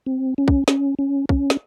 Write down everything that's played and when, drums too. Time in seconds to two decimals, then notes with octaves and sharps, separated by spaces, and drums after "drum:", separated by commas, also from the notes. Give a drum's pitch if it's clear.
0.06 C4
0.38 C#4
0.48 drum: kick
0.68 C#4, drum: snare
0.99 C#4
1.29 C#4, drum: kick
1.50 drum: snare